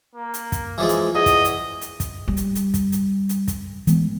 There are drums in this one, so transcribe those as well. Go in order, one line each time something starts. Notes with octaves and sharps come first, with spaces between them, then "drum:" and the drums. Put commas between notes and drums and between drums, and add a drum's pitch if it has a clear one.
A#3
drum: hi-hat
drum: kick, hi-hat
E3 F3 G#3
drum: hi-hat
E2 D#5
drum: kick, hi-hat
drum: hi-hat
drum: hi-hat
drum: kick, hi-hat
G3
drum: hi-hat
drum: hi-hat
drum: kick, hi-hat
drum: hi-hat
drum: hi-hat
drum: kick, hi-hat
E3 G#3 B3, drum: hi-hat